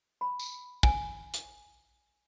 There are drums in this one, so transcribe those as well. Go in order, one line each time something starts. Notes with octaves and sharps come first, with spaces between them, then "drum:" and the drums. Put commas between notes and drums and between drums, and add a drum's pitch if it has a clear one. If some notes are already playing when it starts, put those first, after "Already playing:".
B5
drum: tambourine
G#5, drum: kick
drum: hi-hat